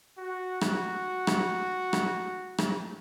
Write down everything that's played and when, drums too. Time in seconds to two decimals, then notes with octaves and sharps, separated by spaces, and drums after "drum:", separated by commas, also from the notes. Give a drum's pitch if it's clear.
0.18 F#4
0.61 F#4, drum: rim click
1.27 drum: rim click
1.93 drum: rim click
2.58 drum: rim click